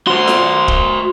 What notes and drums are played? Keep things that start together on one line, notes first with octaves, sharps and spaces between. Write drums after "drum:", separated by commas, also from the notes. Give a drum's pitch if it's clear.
F#4 C5 C6
drum: snare F4
drum: kick